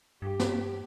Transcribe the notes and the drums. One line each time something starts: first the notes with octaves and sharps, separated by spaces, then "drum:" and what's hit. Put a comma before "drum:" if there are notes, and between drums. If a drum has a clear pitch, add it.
G2 G4
drum: snare